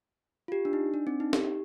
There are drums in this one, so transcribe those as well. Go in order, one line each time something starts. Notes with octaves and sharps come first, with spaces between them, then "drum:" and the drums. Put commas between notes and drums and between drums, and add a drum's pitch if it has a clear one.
F4
G4
D4
D#4
D4
C4
D#4
G4, drum: snare